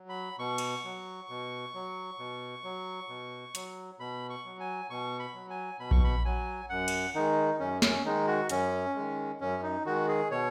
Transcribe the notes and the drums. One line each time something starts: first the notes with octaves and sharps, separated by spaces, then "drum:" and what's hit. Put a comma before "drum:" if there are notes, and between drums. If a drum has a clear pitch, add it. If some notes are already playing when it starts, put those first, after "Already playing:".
Already playing: F#3
B5
B2 C#6
drum: cymbal
F#3
B2
F#3
B2
F#3
B2
F#3, drum: hi-hat
B2 B5
C#6
F#3
G#5
B2 C#6
B5
F#3
G#5
B2 B5
C#6, drum: kick A#1
B5
F#3 G#5
F#2 F#5
drum: cymbal
D#3 G#3 D#4
F#2 C#4
C#4, drum: snare
D#3 G#3 D#4
F#4
F#2 C#4, drum: hi-hat
D#3 G#3
F#2 C#4
D#4
D#3 G#3 F#4
G#4
B2 C#5